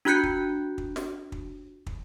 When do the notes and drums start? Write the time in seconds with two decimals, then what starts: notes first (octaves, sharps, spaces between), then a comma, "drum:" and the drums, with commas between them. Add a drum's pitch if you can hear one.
0.05 D4 F4 F#4 F#6 G6 C#7
0.23 drum: kick
0.78 drum: kick
0.96 drum: snare
1.32 drum: kick
1.86 drum: kick